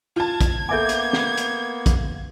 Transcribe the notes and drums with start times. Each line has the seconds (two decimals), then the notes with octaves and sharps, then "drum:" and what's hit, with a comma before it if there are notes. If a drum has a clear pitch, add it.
0.16 F4 A5 G#6
0.41 drum: kick, hi-hat
0.69 A#3 B3 A4 E5 G#5 D6 G6
0.89 drum: hi-hat
1.13 drum: snare
1.37 drum: hi-hat
1.86 drum: kick, hi-hat